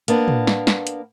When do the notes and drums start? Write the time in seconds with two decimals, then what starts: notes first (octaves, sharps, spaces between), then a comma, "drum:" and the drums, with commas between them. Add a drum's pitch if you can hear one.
0.08 A#3 B3 D4, drum: hi-hat
0.28 drum: tom
0.47 drum: snare
0.67 drum: snare
0.87 drum: hi-hat